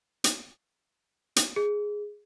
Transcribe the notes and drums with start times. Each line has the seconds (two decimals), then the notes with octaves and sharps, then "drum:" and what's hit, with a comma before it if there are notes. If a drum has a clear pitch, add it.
0.24 drum: hi-hat
1.36 drum: hi-hat
1.56 G#4